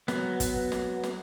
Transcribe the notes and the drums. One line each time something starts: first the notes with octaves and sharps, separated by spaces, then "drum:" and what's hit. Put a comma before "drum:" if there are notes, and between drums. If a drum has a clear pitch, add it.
F#3 B3, drum: snare
drum: kick, hi-hat
drum: snare
drum: snare